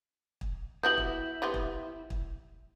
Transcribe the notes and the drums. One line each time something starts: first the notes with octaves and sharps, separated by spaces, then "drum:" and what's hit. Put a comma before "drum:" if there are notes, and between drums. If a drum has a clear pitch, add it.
drum: kick
B3 E4 F#4 G4 G6 F#7
drum: kick
G3 B3 C4
drum: kick
drum: kick